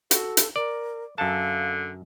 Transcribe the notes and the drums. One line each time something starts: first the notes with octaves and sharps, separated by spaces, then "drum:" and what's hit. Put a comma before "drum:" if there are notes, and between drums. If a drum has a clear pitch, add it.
F#4 A4, drum: hi-hat
drum: hi-hat
A#4 D5
F#2 D3 F5 A5